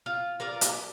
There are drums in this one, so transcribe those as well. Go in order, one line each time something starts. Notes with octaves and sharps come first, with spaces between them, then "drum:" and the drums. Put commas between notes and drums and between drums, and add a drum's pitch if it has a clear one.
F4
F4 A#4 D5 F5
G4, drum: hi-hat